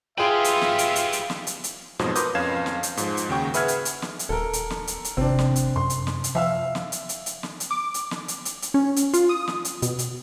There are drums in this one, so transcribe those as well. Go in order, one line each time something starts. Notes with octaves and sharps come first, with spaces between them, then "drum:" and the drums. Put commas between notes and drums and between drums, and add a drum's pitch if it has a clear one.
F4 G4 G#4 B4 E5 G5
drum: hi-hat
drum: snare
drum: hi-hat
drum: hi-hat
drum: hi-hat
drum: snare
drum: hi-hat
drum: hi-hat
F2 G#2 B2 F3 F#3, drum: snare
A#4 B4 C6 D6 D#6 G6, drum: hi-hat
F2 C#4 B4 F5 G#6 E7
drum: snare
drum: hi-hat
G#2 F3, drum: hi-hat
drum: hi-hat
D#2 C#3 F#4 G5 C#6
G#4 B4 E5 F#5 F6 G#6, drum: hi-hat
drum: hi-hat
drum: hi-hat
drum: snare
drum: hi-hat
D#1 A4 A#4
drum: hi-hat
drum: snare
drum: hi-hat
drum: hi-hat
G#1 C3 C4 D4
drum: snare
drum: hi-hat
F#2 C6
drum: hi-hat
drum: snare
drum: hi-hat
F3 E5 F5 E6
drum: snare
drum: hi-hat
drum: hi-hat
drum: hi-hat
drum: snare
drum: hi-hat
D6
drum: hi-hat
drum: snare
drum: hi-hat
drum: hi-hat
drum: hi-hat
C#4
drum: hi-hat
F4, drum: hi-hat
D#6
drum: snare
drum: hi-hat
B2, drum: hi-hat
drum: hi-hat